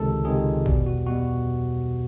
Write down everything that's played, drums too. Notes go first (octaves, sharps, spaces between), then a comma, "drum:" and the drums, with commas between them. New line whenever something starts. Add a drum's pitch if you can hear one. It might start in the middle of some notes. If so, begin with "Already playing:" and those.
Already playing: C#2 C3 D#3 G#3 A4
C#2 C3 D#3 G#3 G#4
E2 B2 G3, drum: kick A#1
F#4
B2 G3 F#4